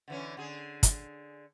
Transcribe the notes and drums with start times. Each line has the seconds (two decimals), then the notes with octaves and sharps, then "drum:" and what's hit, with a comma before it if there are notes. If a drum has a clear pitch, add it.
0.08 D3 E3 C#4
0.37 D3 G#4
0.83 drum: kick, hi-hat